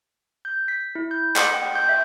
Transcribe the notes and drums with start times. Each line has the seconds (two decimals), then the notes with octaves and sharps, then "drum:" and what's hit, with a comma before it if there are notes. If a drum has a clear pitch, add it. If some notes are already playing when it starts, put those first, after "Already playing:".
0.45 G6
0.68 B6
0.95 E4
1.11 G6
1.36 F#5, drum: clap
1.54 G5
1.75 G6
1.89 E5